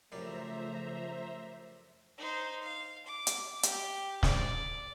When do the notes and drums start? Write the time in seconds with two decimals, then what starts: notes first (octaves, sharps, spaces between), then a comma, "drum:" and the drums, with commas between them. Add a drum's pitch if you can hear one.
0.12 F#2 C#3 F3 G3 A3 C5 E5 A#5
2.18 D#4 C5
2.62 F5
3.06 D6
3.27 drum: hi-hat
3.63 G4, drum: hi-hat
4.23 D5, drum: snare